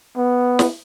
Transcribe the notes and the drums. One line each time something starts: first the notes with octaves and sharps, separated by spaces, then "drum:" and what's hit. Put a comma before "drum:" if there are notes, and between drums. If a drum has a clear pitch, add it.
B3
drum: snare